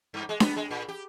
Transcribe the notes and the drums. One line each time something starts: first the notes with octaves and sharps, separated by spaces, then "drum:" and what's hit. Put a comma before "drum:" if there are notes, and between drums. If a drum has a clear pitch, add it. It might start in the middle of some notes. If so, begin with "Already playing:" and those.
G2
G#3
B3, drum: snare D4
G#3
A#2
G4